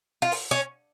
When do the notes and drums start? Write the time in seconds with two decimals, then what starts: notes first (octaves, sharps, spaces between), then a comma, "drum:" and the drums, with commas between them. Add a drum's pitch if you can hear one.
0.22 F4
0.32 drum: open hi-hat
0.51 C#4